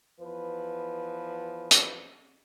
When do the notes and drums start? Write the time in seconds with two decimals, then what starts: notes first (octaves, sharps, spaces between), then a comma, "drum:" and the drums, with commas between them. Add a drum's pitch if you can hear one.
0.20 E2 F3 B4
1.71 drum: hi-hat